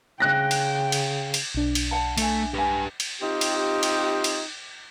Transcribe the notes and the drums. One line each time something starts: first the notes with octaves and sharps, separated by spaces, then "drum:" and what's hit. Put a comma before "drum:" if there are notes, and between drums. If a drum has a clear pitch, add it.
C#3 G5 F#6 A#6
drum: cymbal
drum: cymbal
drum: cymbal
B1 D4
drum: cymbal
F#5 A5
A3 E5 G#5, drum: cymbal
G4 B4 F#5 G#5
drum: cymbal
C4 D#4 F4 G4
drum: cymbal
drum: cymbal
drum: cymbal